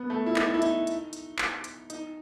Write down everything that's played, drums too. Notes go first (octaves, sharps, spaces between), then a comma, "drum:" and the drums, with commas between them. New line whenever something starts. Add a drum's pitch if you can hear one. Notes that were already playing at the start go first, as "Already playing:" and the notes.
Already playing: B3
A3
E4
D#4, drum: clap
E4
D#4, drum: hi-hat
drum: hi-hat
drum: hi-hat
drum: clap
drum: hi-hat
D#4, drum: hi-hat